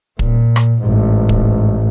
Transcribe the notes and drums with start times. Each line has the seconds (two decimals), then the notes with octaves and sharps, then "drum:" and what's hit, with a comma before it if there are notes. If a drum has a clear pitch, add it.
0.19 A#2, drum: kick
0.56 drum: rim click
0.83 A1 G#2
1.29 drum: kick